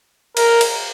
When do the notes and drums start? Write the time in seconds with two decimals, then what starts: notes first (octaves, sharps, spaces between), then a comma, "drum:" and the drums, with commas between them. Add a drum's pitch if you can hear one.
0.37 A#4, drum: cymbal
0.61 drum: cymbal